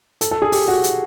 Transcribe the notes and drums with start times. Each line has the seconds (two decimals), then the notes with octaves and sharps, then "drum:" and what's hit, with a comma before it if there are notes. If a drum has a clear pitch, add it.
0.21 A4, drum: hi-hat
0.31 A4
0.42 G#4
0.52 G4, drum: open hi-hat
0.68 F#4
0.84 drum: hi-hat